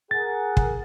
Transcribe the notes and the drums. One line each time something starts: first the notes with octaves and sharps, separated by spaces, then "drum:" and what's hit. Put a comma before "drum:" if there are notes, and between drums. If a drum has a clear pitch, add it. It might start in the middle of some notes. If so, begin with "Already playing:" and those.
G#4 A#4 F#5 A6
drum: kick